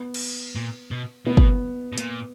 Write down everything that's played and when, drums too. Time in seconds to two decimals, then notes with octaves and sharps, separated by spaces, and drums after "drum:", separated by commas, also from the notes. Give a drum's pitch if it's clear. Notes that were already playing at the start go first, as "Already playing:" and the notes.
Already playing: B3
0.14 drum: cymbal
0.56 A#2
0.91 B2
1.26 B2 B3
1.37 drum: kick
1.93 B2
1.98 A#2, drum: hi-hat